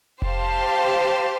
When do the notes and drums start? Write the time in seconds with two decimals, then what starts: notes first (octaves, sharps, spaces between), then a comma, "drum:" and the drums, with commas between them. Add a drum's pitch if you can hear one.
0.22 G4 C5 F5 A5, drum: kick F1